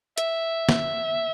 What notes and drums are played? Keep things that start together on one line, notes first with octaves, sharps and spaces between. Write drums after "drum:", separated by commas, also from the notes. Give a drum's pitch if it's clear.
E5, drum: hi-hat
drum: snare